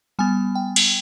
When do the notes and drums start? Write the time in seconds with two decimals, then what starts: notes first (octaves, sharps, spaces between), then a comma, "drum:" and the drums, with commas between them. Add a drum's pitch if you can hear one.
0.19 G3 B3 G#5
0.55 G5
0.76 drum: cymbal